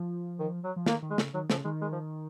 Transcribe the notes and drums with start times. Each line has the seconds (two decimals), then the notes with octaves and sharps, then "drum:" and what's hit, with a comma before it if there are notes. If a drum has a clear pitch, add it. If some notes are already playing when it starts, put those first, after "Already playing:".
Already playing: F3
0.40 D#3
0.64 F#3
0.76 F3
0.86 D#3 A#3, drum: snare
1.02 D#3
1.10 G#3
1.18 C#3, drum: snare
1.34 D#3 F#3
1.50 C#3 F3, drum: snare
1.65 D#3 G#3
1.82 G#3
1.92 F3